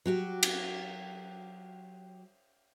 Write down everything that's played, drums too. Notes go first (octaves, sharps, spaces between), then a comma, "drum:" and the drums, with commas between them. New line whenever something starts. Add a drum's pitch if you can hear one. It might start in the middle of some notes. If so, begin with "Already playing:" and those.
F#3 F#4 G4
drum: cymbal